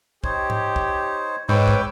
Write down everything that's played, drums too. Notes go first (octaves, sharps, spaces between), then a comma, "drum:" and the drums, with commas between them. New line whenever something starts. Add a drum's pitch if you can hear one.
D#4 G4 C5 C#5, drum: kick
drum: tom G#2
drum: kick
G#2 B4 C#5 G5 D6 E6
drum: kick